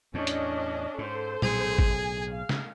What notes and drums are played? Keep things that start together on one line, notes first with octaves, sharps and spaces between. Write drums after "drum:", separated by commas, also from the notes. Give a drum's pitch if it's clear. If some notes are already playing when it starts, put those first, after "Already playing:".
E2 A2 C#4 D4 D#5
drum: hi-hat
G#2 A4 C5
B1 A2 G#4, drum: tom A#2
drum: kick G#1
G#5
F5
drum: snare